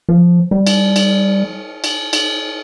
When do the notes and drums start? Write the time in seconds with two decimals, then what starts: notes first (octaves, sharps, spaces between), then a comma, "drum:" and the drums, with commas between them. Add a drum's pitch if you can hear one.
0.09 F3
0.51 G3
0.67 drum: cymbal
0.96 drum: cymbal
1.84 drum: cymbal
2.13 drum: cymbal